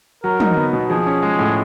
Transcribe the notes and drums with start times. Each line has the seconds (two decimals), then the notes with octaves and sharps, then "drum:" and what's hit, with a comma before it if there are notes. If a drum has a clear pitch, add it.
0.24 F#3 A#4
0.40 D#4, drum: tom
0.57 B3
0.73 B2
0.90 F3 G#4
1.06 C#4
1.23 G#3
1.39 A2